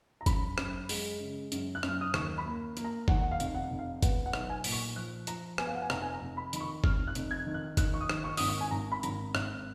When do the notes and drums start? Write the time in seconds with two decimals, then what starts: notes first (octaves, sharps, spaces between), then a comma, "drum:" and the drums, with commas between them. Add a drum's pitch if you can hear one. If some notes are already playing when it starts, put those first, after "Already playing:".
0.21 A#5
0.26 F#2 B5, drum: kick G1, hi-hat
0.58 F#2, drum: rim click
0.89 G#3, drum: open hi-hat
1.20 C#3
1.52 F#2, drum: hi-hat
1.75 F#6
1.83 F#2, drum: rim click
1.88 F6
2.01 D#6
2.14 D#2 C#6, drum: rim click
2.38 B5
2.46 A#3
2.77 A#3, drum: hi-hat
2.84 A#5
3.08 D#2 F#5, drum: kick G1
3.21 F#5
3.31 F5
3.40 F1, drum: hi-hat
3.55 F#5
3.70 F1
3.79 F5
4.02 B3 F#5, drum: kick G1, hi-hat
4.26 F#5
4.33 B1, drum: rim click
4.50 G#5
4.64 A#2, drum: open hi-hat
4.72 C#6
4.96 F3 F#6
5.27 F3 A#5, drum: hi-hat
5.58 B3 G#5, drum: rim click
5.67 F5
5.75 F#5
5.82 G#5
5.90 F1 A#5, drum: rim click
6.02 G#5
6.14 A#5
6.21 F1
6.37 B5
6.53 D#3 B5, drum: hi-hat
6.60 C#6
6.84 F1 F6, drum: kick G1
7.07 F#6
7.15 F1, drum: hi-hat
7.31 G#6
7.46 D#3
7.54 F#6
7.77 D#3 F#6, drum: kick G1, hi-hat
7.94 C#6
8.01 D#6
8.10 D#3, drum: rim click
8.24 C#6
8.37 G#1 D#6, drum: open hi-hat
8.48 C#6
8.61 G#5
8.71 G#1 A#5
8.92 B5
9.03 G#1 A#5, drum: hi-hat
9.35 G#1 F#6, drum: rim click